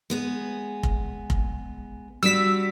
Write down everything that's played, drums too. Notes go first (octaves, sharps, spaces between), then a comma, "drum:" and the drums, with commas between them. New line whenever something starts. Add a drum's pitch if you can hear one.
G#3 B3 G#4
drum: kick F1
drum: kick F1
G3 D4 F#4 E6 B6